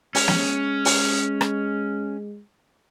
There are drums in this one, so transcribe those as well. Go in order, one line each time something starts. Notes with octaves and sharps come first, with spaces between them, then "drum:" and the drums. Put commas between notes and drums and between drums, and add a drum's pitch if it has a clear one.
G#3 C#4, drum: open hi-hat
drum: snare
drum: open hi-hat
drum: rim click